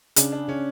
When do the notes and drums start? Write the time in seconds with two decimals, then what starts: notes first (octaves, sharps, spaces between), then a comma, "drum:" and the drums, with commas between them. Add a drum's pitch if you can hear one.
0.16 C#3 D4, drum: hi-hat
0.32 D4
0.48 C#3 C#4